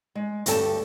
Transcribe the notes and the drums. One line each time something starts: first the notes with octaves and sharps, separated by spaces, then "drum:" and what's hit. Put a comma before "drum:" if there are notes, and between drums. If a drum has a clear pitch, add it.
G#3
D2 G2 G4 A4 A5, drum: hi-hat